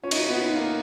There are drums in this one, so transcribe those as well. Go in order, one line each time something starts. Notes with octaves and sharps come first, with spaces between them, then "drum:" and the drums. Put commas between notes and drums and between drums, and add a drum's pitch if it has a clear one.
C#4 F4
D#4, drum: cymbal
C#4 F#4
B3 F4
D#4
A#3